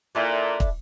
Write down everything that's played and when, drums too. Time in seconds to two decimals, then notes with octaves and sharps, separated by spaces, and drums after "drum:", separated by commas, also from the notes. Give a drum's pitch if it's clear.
0.15 A#2 D4 E4 A4
0.60 drum: kick